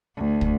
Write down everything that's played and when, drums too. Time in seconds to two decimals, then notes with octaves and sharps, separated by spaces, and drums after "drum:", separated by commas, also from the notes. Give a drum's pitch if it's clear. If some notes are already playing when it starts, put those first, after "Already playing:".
0.15 D2
0.41 drum: kick